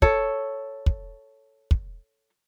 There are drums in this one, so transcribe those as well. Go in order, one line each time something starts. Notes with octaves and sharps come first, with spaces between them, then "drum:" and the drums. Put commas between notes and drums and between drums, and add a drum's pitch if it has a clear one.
A4 C#5, drum: kick
drum: kick
drum: kick